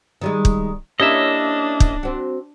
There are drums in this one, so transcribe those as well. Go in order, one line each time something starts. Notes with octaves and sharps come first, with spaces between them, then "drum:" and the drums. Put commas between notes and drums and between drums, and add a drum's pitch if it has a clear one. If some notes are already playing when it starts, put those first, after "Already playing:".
D#3 G3 G#3
drum: kick
A#3 C#4 D4 E4 G4 A#4 D#5 E5
drum: kick
C4 F#4